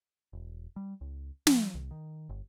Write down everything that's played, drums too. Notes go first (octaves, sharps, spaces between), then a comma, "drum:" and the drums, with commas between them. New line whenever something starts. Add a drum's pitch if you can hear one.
E1
G3
C#2
F3, drum: snare
C2
D#3
G1